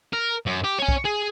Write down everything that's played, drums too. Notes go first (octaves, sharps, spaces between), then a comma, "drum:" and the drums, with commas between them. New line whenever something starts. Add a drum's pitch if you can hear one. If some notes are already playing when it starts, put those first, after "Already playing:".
A#4
F#2
G4
C#5 G#5
drum: kick
G#4